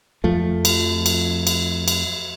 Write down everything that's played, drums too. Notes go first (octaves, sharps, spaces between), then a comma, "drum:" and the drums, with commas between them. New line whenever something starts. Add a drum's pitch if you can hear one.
F2 F3 A3
drum: cymbal
drum: cymbal
drum: cymbal
drum: cymbal